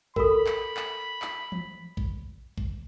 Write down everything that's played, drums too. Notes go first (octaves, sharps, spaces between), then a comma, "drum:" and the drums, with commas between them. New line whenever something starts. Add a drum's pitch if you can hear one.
A4 A#4 B5, drum: kick A1
drum: clap
drum: clap
drum: clap
drum: tom E3
drum: kick A1
drum: kick A1